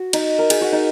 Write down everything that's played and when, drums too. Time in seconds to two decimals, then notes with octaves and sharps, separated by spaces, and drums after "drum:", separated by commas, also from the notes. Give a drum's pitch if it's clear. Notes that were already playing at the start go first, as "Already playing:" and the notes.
Already playing: F#4
0.13 D#4, drum: cymbal
0.39 A#4
0.50 G#4, drum: cymbal
0.61 F#4
0.72 D#4